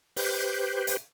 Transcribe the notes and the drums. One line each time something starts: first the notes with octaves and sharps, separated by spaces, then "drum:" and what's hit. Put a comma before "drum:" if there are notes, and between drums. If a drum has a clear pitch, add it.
G4 B4 C5, drum: open hi-hat
drum: hi-hat